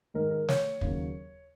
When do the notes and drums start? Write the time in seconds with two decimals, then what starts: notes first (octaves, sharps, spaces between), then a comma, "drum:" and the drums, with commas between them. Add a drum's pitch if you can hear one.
0.14 G#2 D#3 G#3 A#4
0.31 A#4
0.48 C#5, drum: snare
0.81 D#2 C#3 F#3, drum: kick